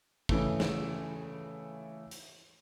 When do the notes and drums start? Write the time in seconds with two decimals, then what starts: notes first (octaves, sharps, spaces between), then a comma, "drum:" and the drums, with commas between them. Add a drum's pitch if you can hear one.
0.29 C#3 E3 A3, drum: kick
0.60 drum: snare
2.11 drum: hi-hat